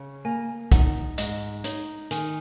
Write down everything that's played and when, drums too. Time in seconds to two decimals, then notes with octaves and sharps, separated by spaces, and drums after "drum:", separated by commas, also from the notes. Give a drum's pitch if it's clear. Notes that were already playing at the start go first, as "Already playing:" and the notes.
Already playing: C#3
0.25 A#3 G#5
0.72 D#4 F#5, drum: kick, hi-hat
1.18 G#2 D#5, drum: hi-hat
1.64 D#4 C#5, drum: hi-hat
2.11 D#3 G#5, drum: hi-hat